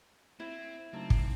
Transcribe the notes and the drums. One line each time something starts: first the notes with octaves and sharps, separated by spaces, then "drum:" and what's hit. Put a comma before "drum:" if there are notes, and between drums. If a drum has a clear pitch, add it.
C4 E4
C#3 F#3 A3 A#3 C4 D#4 A5
drum: kick